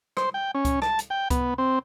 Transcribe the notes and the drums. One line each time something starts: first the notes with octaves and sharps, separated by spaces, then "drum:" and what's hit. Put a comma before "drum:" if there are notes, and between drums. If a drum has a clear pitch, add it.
C5, drum: rim click
G5
C#4
drum: kick C#2, hi-hat
A5, drum: rim click
drum: hi-hat
G5
B3, drum: kick C#2, hi-hat
C4